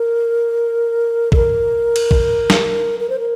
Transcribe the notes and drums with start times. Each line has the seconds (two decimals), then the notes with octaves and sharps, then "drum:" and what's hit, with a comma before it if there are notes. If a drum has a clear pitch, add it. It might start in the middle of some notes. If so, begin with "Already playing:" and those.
Already playing: A#4
1.32 A4, drum: kick A#1
1.36 A#4
1.96 drum: cymbal
2.11 drum: kick A#1
2.50 drum: snare
3.00 A#4
3.10 C5
3.19 A#4